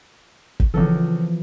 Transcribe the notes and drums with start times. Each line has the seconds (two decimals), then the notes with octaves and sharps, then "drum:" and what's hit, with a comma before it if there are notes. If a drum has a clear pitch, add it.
0.60 drum: kick
0.74 C#2 E3 F3 A4